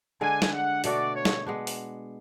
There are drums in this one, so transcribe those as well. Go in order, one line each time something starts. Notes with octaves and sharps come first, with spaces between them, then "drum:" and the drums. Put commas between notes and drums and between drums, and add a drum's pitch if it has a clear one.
D3 G#3 D4 G#5
drum: snare
F#5
B2 A3 D4 F#4 D5, drum: open hi-hat
C#5
drum: snare
G#3 B3 D4
drum: open hi-hat